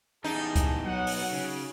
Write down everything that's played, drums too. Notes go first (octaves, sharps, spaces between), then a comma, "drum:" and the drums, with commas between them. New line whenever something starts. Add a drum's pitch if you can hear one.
E2 G3 D#4 G#4 A5
drum: kick C#2, hi-hat
B2 F#3 F#5
drum: open hi-hat
C#3